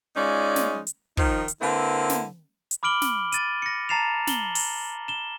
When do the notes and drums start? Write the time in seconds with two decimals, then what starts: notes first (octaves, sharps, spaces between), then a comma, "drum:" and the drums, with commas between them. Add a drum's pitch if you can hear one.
0.16 G#3 C#4 D#4 F4 D5
0.56 drum: snare
0.87 drum: hi-hat
1.17 D#3 F3 D#4, drum: kick
1.48 drum: hi-hat
1.61 D3 A#3 C4 E4 B4
2.09 drum: snare
2.71 drum: hi-hat
2.83 B5 D6 F6 D7 F#7 G7
3.02 drum: snare
3.32 A6 D#7, drum: hi-hat
3.62 A#6 C#7
3.89 A5 A#5 A6 C7 E7 F7
4.27 F#7 G7, drum: snare
4.55 drum: open hi-hat
5.08 E7 G7